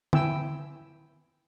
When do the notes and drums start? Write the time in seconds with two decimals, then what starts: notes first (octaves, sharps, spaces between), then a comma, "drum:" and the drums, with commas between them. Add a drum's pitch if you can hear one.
0.13 E4 G5 G#5 E6, drum: tom